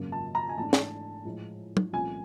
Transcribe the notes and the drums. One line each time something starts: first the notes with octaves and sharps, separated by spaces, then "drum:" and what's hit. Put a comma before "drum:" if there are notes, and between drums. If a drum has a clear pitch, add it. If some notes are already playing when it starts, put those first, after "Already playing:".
Already playing: G#1 F#2 C#3 F#3 A#3
A5
A#5
G#5
G#2 E3 A3 D4 A5
drum: snare
A2 F3 G#3
drum: tom
C2 A#2 F3 A3 C#4 G#5